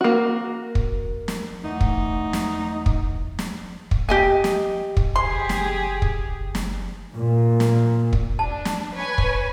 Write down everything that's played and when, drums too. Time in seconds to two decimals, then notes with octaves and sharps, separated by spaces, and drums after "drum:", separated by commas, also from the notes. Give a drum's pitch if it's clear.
0.01 A#3 F#4
0.75 drum: kick
1.28 drum: snare
1.64 E2 A3 D#4
1.81 drum: kick
2.33 drum: snare
2.86 drum: kick
3.39 drum: snare
3.91 drum: kick
4.09 G4 D#5 G#5
4.44 drum: snare
4.97 drum: kick
5.16 F#1 G4 G#4 G#5 C6
5.49 drum: snare
6.02 drum: kick
6.55 drum: snare
7.13 A#2
7.60 drum: snare
8.13 drum: kick
8.39 D4 A5
8.65 drum: snare
8.95 B4 C#5 G#5
9.18 drum: kick